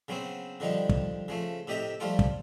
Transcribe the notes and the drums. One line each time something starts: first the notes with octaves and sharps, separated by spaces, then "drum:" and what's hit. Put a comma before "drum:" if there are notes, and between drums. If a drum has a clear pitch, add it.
C#3 F#3 B3 C4
D3 D#3 F3 G3 D#4
drum: kick
C#3 F3 A3
A2 C3 G4 D#5 E5 A#5
F3 G3 A3 F4 A4
drum: kick